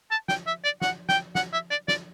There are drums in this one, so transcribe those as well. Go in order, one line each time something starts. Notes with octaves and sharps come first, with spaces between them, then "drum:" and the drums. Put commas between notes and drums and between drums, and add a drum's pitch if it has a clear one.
A5
G5, drum: snare
E5
D5
F#5, drum: snare
G5, drum: snare
F#5, drum: snare
E5
D5
D5, drum: snare